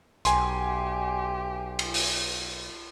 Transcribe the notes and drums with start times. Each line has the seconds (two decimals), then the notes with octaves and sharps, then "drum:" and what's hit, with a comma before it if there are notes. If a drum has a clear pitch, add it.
0.25 B1 G4 G#5 C6, drum: hi-hat
1.79 drum: cymbal
1.94 drum: open hi-hat